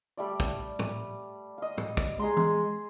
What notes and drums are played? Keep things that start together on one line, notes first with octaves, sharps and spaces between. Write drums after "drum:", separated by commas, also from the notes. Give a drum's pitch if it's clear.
G3 A3 D5
drum: kick
drum: tom
D#5 F5
drum: tom
drum: kick
G#3 G#4 A#5 C6
drum: tom E3